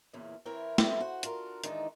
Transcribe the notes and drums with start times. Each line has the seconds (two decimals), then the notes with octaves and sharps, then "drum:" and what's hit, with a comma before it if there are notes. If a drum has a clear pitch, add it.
0.13 E2 A#2 C#3 E3
0.45 E3 C4 E4 A#4 C#5
0.78 E4 A4 B4 E5, drum: snare
1.00 F#4 C5 F#5
1.23 D4 F4 F#4 A#4, drum: hi-hat
1.64 D#3 E3 G#3 D4 D#4, drum: hi-hat